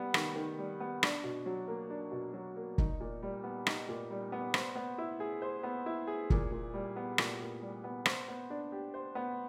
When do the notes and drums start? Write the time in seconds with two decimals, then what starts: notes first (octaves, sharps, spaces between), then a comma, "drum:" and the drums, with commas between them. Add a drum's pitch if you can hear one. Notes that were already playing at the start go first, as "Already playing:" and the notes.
Already playing: G3 B3
0.14 D#3, drum: rim click
0.36 D#3
0.58 G3
0.80 B3
1.03 D4, drum: rim click
1.24 B2
1.46 F#3
1.68 A#3
1.90 D4
2.12 B2
2.34 F#3
2.56 A#3
2.78 D#4, drum: kick
3.00 A#2
3.23 G3
3.44 B3
3.67 D#4, drum: rim click
3.89 A#2
4.11 G3
4.32 B3
4.54 C5, drum: rim click
4.75 B3
4.98 E4
5.20 G#4
5.42 C5
5.63 B3
5.86 E4
6.07 G#4
6.30 A#2, drum: kick
6.52 A#2
6.74 G3
6.96 B3
7.18 A#2, drum: rim click
7.40 A#2
7.62 G3
7.84 B3
8.06 C5, drum: rim click
8.28 B3
8.50 D4
8.72 G4
8.94 C5
9.15 B3